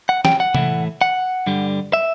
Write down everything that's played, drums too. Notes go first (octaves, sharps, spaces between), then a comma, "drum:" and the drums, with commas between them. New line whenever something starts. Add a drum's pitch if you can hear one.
F#5
G5, drum: snare
F#5
A2 E3 A3 E4, drum: tom
F#5
G2 D3 G3
E5